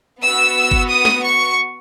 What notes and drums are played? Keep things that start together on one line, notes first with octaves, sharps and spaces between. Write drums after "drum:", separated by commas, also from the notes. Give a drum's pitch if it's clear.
B3 F#4 E6
drum: kick G1
D#6
drum: snare
C#6